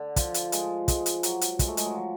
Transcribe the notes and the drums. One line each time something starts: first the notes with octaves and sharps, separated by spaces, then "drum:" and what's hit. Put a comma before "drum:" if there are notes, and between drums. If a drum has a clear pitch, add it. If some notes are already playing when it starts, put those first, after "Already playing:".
Already playing: D3
F3, drum: kick, hi-hat
drum: hi-hat
G#3, drum: hi-hat
G#3, drum: kick, hi-hat
drum: hi-hat
F#3, drum: hi-hat
drum: hi-hat
G#3, drum: kick, hi-hat
A3
G#3, drum: hi-hat
F#3
F3